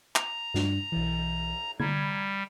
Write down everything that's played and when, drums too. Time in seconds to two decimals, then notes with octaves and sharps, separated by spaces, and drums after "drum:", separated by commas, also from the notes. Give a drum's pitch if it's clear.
0.16 A#5, drum: clap
0.54 G2 D4, drum: snare
0.92 B1 E3, drum: cymbal
1.80 G3 A#5 B5 G#6, drum: tom D3